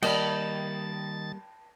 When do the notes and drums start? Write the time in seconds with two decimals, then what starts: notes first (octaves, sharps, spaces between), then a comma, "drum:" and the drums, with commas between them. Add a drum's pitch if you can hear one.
0.03 D#3 G3 A#3 D#5 G5 A5 B5 A6, drum: cymbal